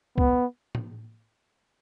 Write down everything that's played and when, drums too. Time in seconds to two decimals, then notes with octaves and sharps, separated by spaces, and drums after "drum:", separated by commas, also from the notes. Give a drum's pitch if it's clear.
0.18 B3, drum: kick
0.75 drum: tom